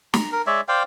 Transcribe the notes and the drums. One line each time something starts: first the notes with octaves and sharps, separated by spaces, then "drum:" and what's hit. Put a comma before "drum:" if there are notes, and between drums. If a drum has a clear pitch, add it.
A#5, drum: snare
A#4
G#3 C#5 D5 E5
C5 D5 F5 G5